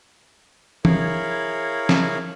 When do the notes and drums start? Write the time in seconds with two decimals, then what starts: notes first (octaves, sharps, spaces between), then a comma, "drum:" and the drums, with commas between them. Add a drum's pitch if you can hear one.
0.85 E4 G#4 A#4 C#5 F5 B5, drum: tom E3
1.89 drum: snare